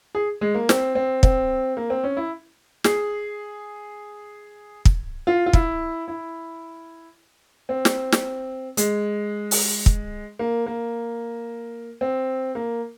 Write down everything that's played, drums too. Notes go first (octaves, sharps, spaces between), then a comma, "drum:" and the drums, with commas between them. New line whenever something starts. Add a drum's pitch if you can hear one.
G#4
G#3
A#3
C4, drum: snare
C4
C4, drum: kick
A#3
C4
C#4
E4
G#4, drum: snare
drum: kick
F4
F4
E4, drum: kick
E4
C4
drum: snare
drum: snare
G#3, drum: hi-hat
drum: open hi-hat
drum: kick
A#3
A#3
C4
A#3